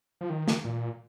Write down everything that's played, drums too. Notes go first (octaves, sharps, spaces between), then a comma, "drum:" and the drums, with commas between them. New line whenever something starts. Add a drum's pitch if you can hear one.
F3
D#3
drum: snare
A#2